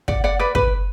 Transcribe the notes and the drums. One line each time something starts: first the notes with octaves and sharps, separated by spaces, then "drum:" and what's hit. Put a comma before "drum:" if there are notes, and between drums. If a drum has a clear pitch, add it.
D5 F#5, drum: kick
D5 F#5
B4 D5
B4, drum: kick